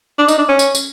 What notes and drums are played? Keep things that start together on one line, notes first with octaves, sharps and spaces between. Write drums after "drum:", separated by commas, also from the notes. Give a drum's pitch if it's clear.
D4
D#4, drum: tambourine
D4
C#4
drum: tambourine
drum: tambourine